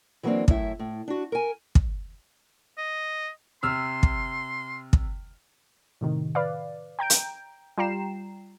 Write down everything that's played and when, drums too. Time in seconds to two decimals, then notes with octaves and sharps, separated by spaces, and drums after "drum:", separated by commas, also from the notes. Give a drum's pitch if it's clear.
0.23 E3 F#3 G3 A#3 C4 D4
0.48 F#2 A2 E4 E5, drum: kick
0.79 A2
1.08 D4 F#4
1.32 A#4 G#5
1.75 drum: kick
2.78 D#5
3.63 C3 C6 E6 F6
4.03 drum: kick
4.93 drum: kick
6.01 A2 C3 D#3
6.35 B4 D5 F5
6.99 G5 A#5 G6 D7
7.10 drum: hi-hat
7.78 G3 F4 G5 A#5 C7 E7